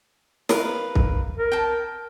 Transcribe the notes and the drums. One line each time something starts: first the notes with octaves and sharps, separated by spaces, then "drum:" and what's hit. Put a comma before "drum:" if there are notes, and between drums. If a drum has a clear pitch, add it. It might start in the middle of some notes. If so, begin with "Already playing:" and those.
A#4 B4 F5, drum: snare
drum: kick C2
A#4
G5 A5